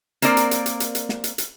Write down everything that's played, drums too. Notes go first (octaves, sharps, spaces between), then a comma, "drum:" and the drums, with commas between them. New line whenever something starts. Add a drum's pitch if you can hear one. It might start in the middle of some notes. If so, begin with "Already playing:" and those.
A#3 C4 A#4 D5, drum: hi-hat
drum: hi-hat
drum: hi-hat
drum: hi-hat
drum: hi-hat
drum: hi-hat
drum: snare
drum: hi-hat
drum: hi-hat